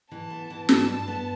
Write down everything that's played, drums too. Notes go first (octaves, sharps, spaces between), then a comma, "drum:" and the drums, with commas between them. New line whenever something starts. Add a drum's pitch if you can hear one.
E3 A5
B3
E3
G2 A5, drum: snare
G2
B3